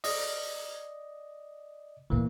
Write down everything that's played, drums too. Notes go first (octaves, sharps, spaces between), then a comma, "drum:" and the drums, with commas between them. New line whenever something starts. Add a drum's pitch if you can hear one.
D5 D#5, drum: open hi-hat
B1 A#2 E3 A#3